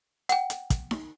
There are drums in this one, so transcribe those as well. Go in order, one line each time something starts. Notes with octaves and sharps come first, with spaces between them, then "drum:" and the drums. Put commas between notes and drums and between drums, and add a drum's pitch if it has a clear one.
F#5 G5, drum: hi-hat
drum: hi-hat
drum: kick, hi-hat
drum: snare D#4